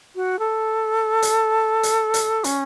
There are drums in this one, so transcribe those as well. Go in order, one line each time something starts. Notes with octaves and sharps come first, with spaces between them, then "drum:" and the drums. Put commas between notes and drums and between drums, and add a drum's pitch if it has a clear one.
F#4
A4
drum: hi-hat
drum: hi-hat
drum: hi-hat
C#4, drum: hi-hat